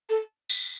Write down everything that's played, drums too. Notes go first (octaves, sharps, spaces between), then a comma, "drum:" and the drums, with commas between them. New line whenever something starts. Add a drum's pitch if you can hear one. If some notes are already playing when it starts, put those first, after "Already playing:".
A4
drum: tambourine